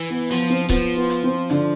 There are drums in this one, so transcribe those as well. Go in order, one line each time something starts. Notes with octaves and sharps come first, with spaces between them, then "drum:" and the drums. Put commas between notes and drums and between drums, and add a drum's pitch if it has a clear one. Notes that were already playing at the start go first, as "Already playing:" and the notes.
Already playing: E3
B3
F3 B3
C4
C4
F3 B3, drum: kick C#1, hi-hat
B3
drum: hi-hat
C4
D3 D4, drum: hi-hat